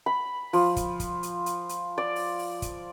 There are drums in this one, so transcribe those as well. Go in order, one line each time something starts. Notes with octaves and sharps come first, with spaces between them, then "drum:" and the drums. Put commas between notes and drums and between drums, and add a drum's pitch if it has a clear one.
B5
F3, drum: open hi-hat
drum: kick, hi-hat
drum: kick, hi-hat
drum: hi-hat
drum: hi-hat
drum: hi-hat
D5
drum: open hi-hat
drum: open hi-hat
drum: kick, hi-hat